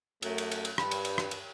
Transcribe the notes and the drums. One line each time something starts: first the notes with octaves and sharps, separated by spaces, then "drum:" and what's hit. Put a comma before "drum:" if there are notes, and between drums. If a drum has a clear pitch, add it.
F#2 A3, drum: cymbal
drum: cymbal
drum: cymbal
drum: cymbal
G2 B5, drum: rim click
drum: cymbal
drum: cymbal
drum: rim click
drum: cymbal